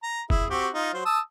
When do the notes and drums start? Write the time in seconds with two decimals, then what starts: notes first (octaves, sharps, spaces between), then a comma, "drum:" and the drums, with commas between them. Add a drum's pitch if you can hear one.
0.03 A#5
0.30 E4 G#4, drum: kick
0.50 C4 F#4 G4
0.74 D#4 F4
0.94 F#3 C5
1.05 A5 D#6 E6